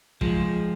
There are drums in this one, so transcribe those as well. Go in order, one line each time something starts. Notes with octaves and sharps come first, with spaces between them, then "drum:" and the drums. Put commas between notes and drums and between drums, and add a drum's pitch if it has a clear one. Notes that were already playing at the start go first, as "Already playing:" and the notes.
F3 G#3, drum: kick